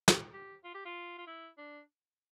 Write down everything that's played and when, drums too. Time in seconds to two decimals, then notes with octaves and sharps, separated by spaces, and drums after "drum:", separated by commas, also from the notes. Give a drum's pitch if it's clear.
0.08 drum: snare
0.33 G4
0.64 F4
0.74 G4
0.85 F4
1.18 F4
1.27 E4
1.57 D4